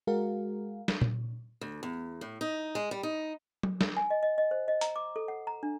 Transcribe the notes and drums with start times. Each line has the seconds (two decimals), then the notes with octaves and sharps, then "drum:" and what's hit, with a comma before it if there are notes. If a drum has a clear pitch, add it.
0.07 G#3 F#4 G#4 A#4 F5
0.88 drum: snare
1.02 drum: tom A#2
1.61 D2
1.83 E2
2.21 A2
2.41 D#4
2.75 G#3
2.91 G3
3.03 D#4
3.63 drum: tom F#3
3.81 drum: snare
3.97 G#5
4.10 D#5
4.23 D#5
4.38 D#5
4.51 C5
4.68 D#5
4.81 A#5, drum: hi-hat
4.96 D6
5.16 A4
5.28 F#5
5.47 A#5
5.63 D4